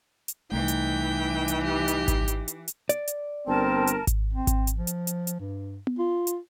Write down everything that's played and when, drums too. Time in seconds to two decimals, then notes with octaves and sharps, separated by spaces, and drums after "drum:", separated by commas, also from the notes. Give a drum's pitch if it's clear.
0.28 drum: hi-hat
0.52 C2 E3 A3 D#4 G5
0.68 drum: hi-hat
1.48 drum: hi-hat
1.64 G4
1.88 drum: hi-hat
2.08 drum: kick G#1, hi-hat
2.28 drum: hi-hat
2.48 drum: hi-hat
2.68 drum: hi-hat
2.89 D5, drum: hi-hat
3.08 drum: hi-hat
3.47 G1 C4 A#4 A5
3.87 drum: hi-hat
4.07 drum: kick G#1, hi-hat
4.33 C4
4.47 drum: kick G#1, hi-hat
4.67 drum: hi-hat
4.76 F3
4.87 drum: hi-hat
5.07 drum: hi-hat
5.27 drum: hi-hat
5.40 G2
5.87 drum: tom B3
5.99 F4
6.27 drum: hi-hat